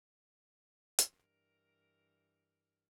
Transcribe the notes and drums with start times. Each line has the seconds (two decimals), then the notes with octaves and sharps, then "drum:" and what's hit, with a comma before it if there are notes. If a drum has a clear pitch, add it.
0.99 drum: hi-hat
1.09 G2 E3 A#4